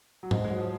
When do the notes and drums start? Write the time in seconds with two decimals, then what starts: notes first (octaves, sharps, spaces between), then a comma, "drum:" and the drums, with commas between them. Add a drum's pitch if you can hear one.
0.23 F#3
0.31 G#2 G#3, drum: tom
0.44 G#3
0.51 F#3
0.58 F3